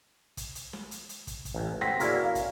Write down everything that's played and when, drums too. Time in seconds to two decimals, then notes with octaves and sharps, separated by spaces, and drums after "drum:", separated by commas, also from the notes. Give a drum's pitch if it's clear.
0.37 drum: kick, hi-hat
0.55 drum: hi-hat
0.73 drum: snare
0.91 drum: hi-hat
1.09 drum: hi-hat
1.27 drum: kick, hi-hat
1.45 drum: kick, hi-hat
1.55 A1
1.81 C4 F#5 A#6 B6, drum: snare
2.00 A#3 C#4 E4 F#4 G#4 D5, drum: hi-hat
2.24 F5
2.35 drum: kick, hi-hat